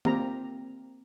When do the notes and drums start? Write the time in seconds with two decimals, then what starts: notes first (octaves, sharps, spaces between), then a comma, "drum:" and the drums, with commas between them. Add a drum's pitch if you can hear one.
0.05 A#3 C4 G4 A#5, drum: tom D#3